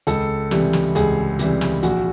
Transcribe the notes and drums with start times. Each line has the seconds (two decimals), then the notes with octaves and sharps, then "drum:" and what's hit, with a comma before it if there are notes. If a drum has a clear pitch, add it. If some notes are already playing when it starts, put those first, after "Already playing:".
0.07 C#2 A4, drum: hi-hat
0.51 C3 E3 G3, drum: snare
0.73 drum: snare
0.95 C#2 G#4, drum: hi-hat
1.39 C3 E3 G3 G4, drum: hi-hat
1.61 drum: snare
1.83 A#1 F#4, drum: hi-hat